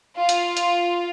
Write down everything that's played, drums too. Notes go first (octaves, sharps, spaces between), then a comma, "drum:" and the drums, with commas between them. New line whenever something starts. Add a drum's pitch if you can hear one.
F4
drum: hi-hat
drum: hi-hat